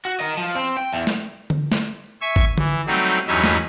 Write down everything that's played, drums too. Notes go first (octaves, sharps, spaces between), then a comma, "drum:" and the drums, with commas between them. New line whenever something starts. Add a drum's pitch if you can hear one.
F#4
A#4 D#5
F3
C4
G5
E2
drum: snare
drum: tom D3
drum: snare
E5 G#5 C#6
drum: kick
E3, drum: tom D3
F#3 G3 A3 C4 D#4
E2 G2 F#3 C#4 D#4 E5
drum: snare